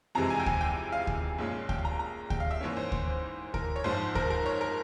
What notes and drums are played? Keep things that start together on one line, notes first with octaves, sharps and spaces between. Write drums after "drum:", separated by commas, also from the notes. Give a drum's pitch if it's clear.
F2 C3 E3 G#3 A#5
G#5
G5
G#5, drum: kick
G5
F5
drum: kick
A#1 A#2 G#3 C#4
G5, drum: kick
A#5
A#5
G5, drum: kick
F5
E5
G#2 E3 A#3 C#4 C#5
C5
drum: kick
A#4, drum: kick
C#5
A#1 G#2 F3 C5
A#4, drum: kick
A#4
C#5
A#4